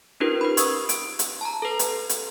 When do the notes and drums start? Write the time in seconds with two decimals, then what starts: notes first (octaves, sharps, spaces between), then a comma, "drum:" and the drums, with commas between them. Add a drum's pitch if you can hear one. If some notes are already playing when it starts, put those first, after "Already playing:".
0.20 C#4 D#4 F4 G4 A#4 B4
0.41 B4 B5
0.57 C#6 D#6 E6 G#6, drum: hi-hat
0.89 D7, drum: hi-hat
1.19 drum: hi-hat
1.41 A5 A#5
1.62 A4 B4
1.79 drum: hi-hat
2.09 drum: hi-hat